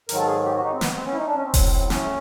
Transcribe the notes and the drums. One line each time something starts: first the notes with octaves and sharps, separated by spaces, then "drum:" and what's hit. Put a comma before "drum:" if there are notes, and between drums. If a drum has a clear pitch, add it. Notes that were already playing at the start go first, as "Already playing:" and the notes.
G#2 D#3 F#3 A#4, drum: hi-hat
A4
G#4
G4
F#4
D#4
C4
B3, drum: snare
C4
C#4
E4
D#4
D4
C#4
C4
A2 F#3, drum: kick E1, open hi-hat
C#4, drum: snare